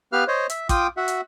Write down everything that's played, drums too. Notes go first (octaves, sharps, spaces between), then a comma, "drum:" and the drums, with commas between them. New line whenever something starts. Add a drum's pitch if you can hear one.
B3 G4 B4 F5 F6
C5 C#5 D#5
E5, drum: hi-hat
F4 G5 D6 D#6, drum: kick, hi-hat
F#4 E5 F#5
drum: hi-hat